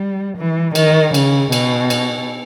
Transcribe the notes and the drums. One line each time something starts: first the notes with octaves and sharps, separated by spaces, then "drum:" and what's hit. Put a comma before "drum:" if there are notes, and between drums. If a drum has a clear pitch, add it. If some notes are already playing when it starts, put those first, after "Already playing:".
Already playing: G3
E3
D#3, drum: cymbal
C#3, drum: cymbal
B2, drum: cymbal
drum: cymbal